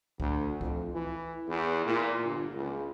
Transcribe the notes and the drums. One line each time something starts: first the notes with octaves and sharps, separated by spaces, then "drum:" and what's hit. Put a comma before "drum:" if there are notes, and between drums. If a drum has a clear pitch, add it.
D2, drum: kick C#2
F2, drum: kick C#2
E3
E2
A#2
G1
C#2